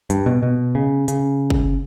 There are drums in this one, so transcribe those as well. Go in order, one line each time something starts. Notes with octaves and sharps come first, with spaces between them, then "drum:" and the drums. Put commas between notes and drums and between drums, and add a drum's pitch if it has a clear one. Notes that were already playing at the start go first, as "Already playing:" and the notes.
G2, drum: hi-hat
B2
B2
C#3
C#3, drum: hi-hat
drum: kick